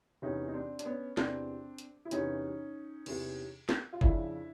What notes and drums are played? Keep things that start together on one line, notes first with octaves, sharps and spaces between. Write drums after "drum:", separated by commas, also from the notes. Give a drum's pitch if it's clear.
E2 C3 E3 C#4 D#4
D#4
C4 D4
D4, drum: hi-hat
B3 C#4
E2 C3 E3 C4 D4, drum: snare
drum: hi-hat
E4
E2 C3 E3 C#4 D#4, drum: hi-hat
E2 C3 E3, drum: cymbal
drum: snare
F4
F2 C#3 F3 D4 E4, drum: kick G1